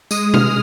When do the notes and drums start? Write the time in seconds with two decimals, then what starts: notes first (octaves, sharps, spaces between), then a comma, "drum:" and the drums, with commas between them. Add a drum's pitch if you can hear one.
0.11 G#3 D#6, drum: tambourine
0.34 F6, drum: tom B2